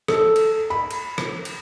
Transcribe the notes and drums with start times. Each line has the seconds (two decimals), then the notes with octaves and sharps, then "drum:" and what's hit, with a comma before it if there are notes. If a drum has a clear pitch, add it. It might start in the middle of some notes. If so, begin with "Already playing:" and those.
0.08 A4, drum: rim click
0.36 drum: cymbal
0.70 B5
0.91 drum: cymbal
1.18 drum: rim click
1.45 drum: cymbal